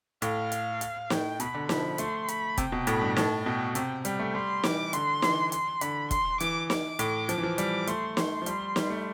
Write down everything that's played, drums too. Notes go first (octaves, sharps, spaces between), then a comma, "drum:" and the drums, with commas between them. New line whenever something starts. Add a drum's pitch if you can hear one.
A2 F5, drum: hi-hat
drum: hi-hat
drum: hi-hat
A2 G5, drum: snare
B2 B5, drum: hi-hat
D3
F3 B5, drum: snare
A3 C6, drum: hi-hat
B5, drum: hi-hat
C3 G5, drum: kick E1, hi-hat
B2
A2 B5, drum: hi-hat
G2
A2 A5, drum: snare
B2 G5
C3 G5, drum: hi-hat
G3 G5, drum: hi-hat
A3
G3 C6
E3 D6, drum: snare
D3 C6, drum: hi-hat
E3, drum: snare
C6, drum: hi-hat
D3 B5, drum: hi-hat
C6, drum: kick E1, hi-hat
E3 D6, drum: hi-hat
D6, drum: snare
A2, drum: hi-hat
F3, drum: hi-hat
E3
F3
G3 D6, drum: hi-hat
A3 C6, drum: hi-hat
C6, drum: snare
F3
G3, drum: hi-hat
G3, drum: snare
A3